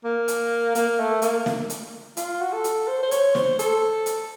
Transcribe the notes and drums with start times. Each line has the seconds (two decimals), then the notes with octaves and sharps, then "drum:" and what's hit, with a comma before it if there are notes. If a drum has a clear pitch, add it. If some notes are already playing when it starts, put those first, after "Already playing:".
0.04 A#3
0.28 drum: hi-hat
0.75 A#3, drum: hi-hat
0.99 A3
1.22 A#3, drum: hi-hat
1.46 drum: snare
1.70 drum: hi-hat
2.17 F4, drum: hi-hat
2.41 F#4
2.52 A4
2.64 drum: hi-hat
2.87 C5
3.03 C5
3.11 C#5, drum: hi-hat
3.35 C5, drum: snare
3.59 A4, drum: hi-hat
4.06 drum: hi-hat